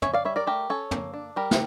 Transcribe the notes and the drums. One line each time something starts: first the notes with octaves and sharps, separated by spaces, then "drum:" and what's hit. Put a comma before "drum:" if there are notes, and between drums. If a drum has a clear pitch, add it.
C#4 C#5 E5, drum: tom
D5 F5
G3 C#5 E5
A#4 D5
A3 G4 A#4
C#4 A4 C#5
A#3, drum: tom
D4
G3 G4 A#4
drum: snare